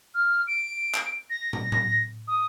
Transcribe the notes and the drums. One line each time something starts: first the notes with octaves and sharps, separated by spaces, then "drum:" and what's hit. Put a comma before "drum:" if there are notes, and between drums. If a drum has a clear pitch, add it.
F6
D7
drum: clap
A#6
drum: tom
drum: tom A2
D#6